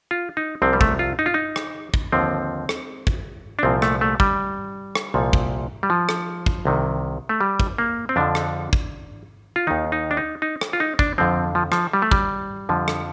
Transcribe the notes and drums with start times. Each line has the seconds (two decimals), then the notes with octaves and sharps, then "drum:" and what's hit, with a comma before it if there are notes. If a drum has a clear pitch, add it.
0.11 F4
0.37 D#4
0.62 C2 C3 F3 C4
0.73 G3
0.81 A3, drum: kick
0.99 F4
1.19 D#4
1.26 F4
1.34 D#4
1.56 drum: rim click
1.94 drum: kick
2.12 D#2 D3 F3 C4
2.69 drum: rim click
3.07 drum: kick
3.59 D4
3.63 C2 A#2 F3 C4
3.82 A3, drum: rim click
4.01 A3
4.20 G3, drum: kick
4.95 drum: rim click
5.14 C2 A#2 F3
5.33 drum: kick
5.83 G3
5.90 F3
6.09 drum: rim click
6.46 drum: kick
6.65 C2 C3 D#3
7.29 A3
7.41 G3
7.60 drum: kick
7.78 A#3
8.09 C4
8.16 F2 D3 F3 D4
8.35 drum: rim click
8.73 drum: kick
9.56 F4
9.67 D#2 D#3 D#4
9.92 D#4
10.11 D4
10.17 D#4
10.42 D#4
10.61 drum: rim click
10.73 F4
10.80 D#4
10.99 D4, drum: kick
11.18 F2 D3 F3 C4
11.55 F3
11.72 F3, drum: rim click
11.93 G3
12.02 A3
12.11 G3, drum: kick
12.69 F2 D3 F3
12.88 drum: rim click